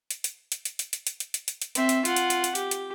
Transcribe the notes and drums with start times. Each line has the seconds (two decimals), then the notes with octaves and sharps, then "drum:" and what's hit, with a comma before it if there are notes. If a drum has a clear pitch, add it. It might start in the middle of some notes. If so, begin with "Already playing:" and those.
0.10 drum: hi-hat
0.24 drum: hi-hat
0.52 drum: hi-hat
0.65 drum: hi-hat
0.79 drum: hi-hat
0.93 drum: hi-hat
1.07 drum: hi-hat
1.20 drum: hi-hat
1.34 drum: hi-hat
1.48 drum: hi-hat
1.62 drum: hi-hat
1.75 C4 E5, drum: hi-hat
1.89 drum: hi-hat
2.05 F4 F#5, drum: hi-hat
2.16 drum: hi-hat
2.30 drum: hi-hat
2.44 drum: hi-hat
2.55 G4, drum: hi-hat
2.71 drum: hi-hat